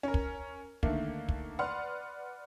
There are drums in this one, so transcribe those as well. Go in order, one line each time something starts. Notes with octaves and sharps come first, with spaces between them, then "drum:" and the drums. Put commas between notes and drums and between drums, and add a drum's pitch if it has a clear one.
C#4 A#4
drum: kick
D3 D#3 A3 A#3, drum: kick
drum: kick
B4 D5 F#5 C6 F6